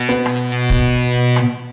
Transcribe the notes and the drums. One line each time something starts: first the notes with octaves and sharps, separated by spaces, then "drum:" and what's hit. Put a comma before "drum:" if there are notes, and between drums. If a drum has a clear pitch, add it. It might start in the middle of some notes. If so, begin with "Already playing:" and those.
Already playing: B2
B3
drum: rim click
drum: kick
drum: rim click